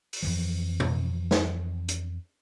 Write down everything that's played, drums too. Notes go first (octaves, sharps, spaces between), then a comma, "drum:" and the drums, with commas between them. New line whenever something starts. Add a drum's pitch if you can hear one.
drum: open hi-hat
F2 E3 F3
drum: tom
drum: snare
drum: hi-hat